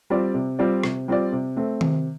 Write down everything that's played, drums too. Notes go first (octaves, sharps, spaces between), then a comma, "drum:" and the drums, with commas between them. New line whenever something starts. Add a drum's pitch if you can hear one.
G3 C4 F4 D5
C3
G3 C4 F4 D5
C3, drum: rim click
G3 C4 F4 D5
C3
A3 C4
C3, drum: tom D#3